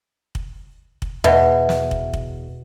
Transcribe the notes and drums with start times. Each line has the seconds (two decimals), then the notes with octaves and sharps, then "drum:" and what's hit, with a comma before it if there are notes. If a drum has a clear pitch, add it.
0.35 drum: kick
1.02 drum: kick
1.24 E2 B2 E5 F#5
1.69 drum: snare
1.91 drum: kick
2.14 drum: kick